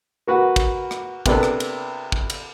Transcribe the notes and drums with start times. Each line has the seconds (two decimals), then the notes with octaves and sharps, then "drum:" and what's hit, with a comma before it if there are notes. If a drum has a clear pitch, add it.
0.27 A#3 F#4 B4 F#5
0.56 drum: kick, cymbal
0.91 drum: rim click
1.26 C3 A#3 B3 D4 A4 B4, drum: kick, cymbal
1.43 drum: rim click
1.60 drum: cymbal
2.12 drum: kick
2.30 drum: cymbal